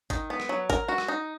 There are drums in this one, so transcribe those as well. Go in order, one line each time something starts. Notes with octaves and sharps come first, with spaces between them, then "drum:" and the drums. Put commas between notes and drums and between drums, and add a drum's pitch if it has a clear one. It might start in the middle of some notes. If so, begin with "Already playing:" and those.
D#3, drum: kick G#1, hi-hat
B3
drum: rim click
F#3
A#4, drum: kick G#1, hi-hat
F#4
drum: rim click
D#4